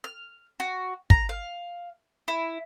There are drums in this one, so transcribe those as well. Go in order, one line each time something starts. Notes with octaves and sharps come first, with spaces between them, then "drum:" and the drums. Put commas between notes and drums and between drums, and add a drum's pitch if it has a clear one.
F6
F#4
A#5, drum: kick
F5
E4